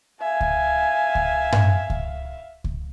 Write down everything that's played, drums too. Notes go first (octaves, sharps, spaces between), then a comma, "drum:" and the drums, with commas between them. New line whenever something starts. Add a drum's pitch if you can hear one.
E5 F5 G#5
drum: kick C#2
drum: kick C#2
drum: tom G2
drum: kick C#2
drum: kick C#2